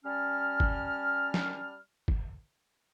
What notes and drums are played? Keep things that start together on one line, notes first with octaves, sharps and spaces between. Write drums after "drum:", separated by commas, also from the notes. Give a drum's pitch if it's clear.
G3 C#4 A5 F6
drum: kick
drum: snare
drum: kick